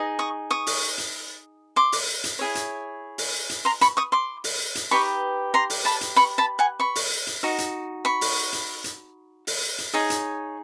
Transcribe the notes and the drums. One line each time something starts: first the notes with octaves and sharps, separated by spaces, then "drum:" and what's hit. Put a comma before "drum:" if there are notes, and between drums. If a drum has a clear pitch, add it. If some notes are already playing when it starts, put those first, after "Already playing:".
Already playing: D#4 G#4 D#5
C#6 D#6
C#6 D#6
drum: open hi-hat
drum: hi-hat
C6 D6
drum: open hi-hat
drum: hi-hat
E4 G#4 C#5
drum: hi-hat
drum: open hi-hat
drum: hi-hat
A#5 C6
B5 C#6, drum: hi-hat
C#6 D#6
C6 D6
drum: open hi-hat
drum: hi-hat
D#4 G4 B4 B5 C#6
A#5 C6
drum: open hi-hat
A5 B5
drum: hi-hat
B5 C#6
A5 B5
F#5 G#5
B5 C#6
drum: open hi-hat
drum: hi-hat
D#4 F#4
drum: hi-hat
B5 C#6
drum: open hi-hat
drum: hi-hat
drum: hi-hat
drum: open hi-hat
drum: hi-hat
D#4 G#4 C#5
drum: hi-hat